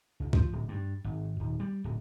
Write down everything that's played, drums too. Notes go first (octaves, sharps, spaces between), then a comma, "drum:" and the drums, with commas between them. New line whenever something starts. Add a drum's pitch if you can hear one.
C#2
F3, drum: kick C#2
D1
G2
G#1
D#1
G3
D1